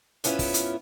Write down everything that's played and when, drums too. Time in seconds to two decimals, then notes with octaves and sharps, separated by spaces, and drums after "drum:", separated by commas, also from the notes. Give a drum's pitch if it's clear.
0.24 G#2 B3 C#4 E4 F4, drum: hi-hat
0.39 drum: kick, open hi-hat
0.54 drum: hi-hat